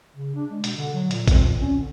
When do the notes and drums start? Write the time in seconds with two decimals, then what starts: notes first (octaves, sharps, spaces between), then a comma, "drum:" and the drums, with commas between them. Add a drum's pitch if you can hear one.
0.16 C#3
0.35 D4
0.50 G#3
0.64 B2, drum: hi-hat
0.77 D3
0.94 F#3
1.11 A#2, drum: hi-hat
1.28 C4, drum: kick A1, hi-hat
1.46 A#2
1.61 C#4
1.77 D3